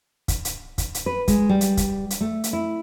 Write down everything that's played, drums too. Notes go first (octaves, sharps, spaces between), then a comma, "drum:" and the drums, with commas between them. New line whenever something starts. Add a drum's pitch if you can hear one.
drum: kick, hi-hat
drum: hi-hat
drum: kick, hi-hat
drum: hi-hat
B4
G#3, drum: kick, hi-hat
G3
drum: hi-hat
drum: kick, hi-hat
drum: hi-hat
A3
drum: hi-hat
E4